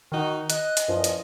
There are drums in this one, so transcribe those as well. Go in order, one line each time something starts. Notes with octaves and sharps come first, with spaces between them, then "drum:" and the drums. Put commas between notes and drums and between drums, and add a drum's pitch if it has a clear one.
D#3 D#4 F#4
D#5 F#6, drum: hi-hat
drum: hi-hat
F#2 A#2 E3 F3
drum: hi-hat